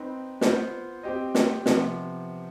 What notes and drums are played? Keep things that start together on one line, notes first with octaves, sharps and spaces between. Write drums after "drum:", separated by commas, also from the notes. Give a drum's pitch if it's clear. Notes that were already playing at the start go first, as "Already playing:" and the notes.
Already playing: C4 D#4 B4
B3 F4 C5, drum: snare
C4 G4 C5 D#5
drum: snare
C3 F3 B3, drum: snare